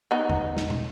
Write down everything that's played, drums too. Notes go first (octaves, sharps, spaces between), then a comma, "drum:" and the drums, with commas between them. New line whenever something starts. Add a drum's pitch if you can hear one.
B3 D#4
drum: tom E2
drum: snare
drum: tom